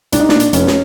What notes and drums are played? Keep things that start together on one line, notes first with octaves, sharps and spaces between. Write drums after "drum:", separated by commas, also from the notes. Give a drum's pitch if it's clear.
C2 D4, drum: hi-hat
D#4
A#2 D4, drum: snare
drum: hi-hat
F1 C#4, drum: hi-hat
drum: snare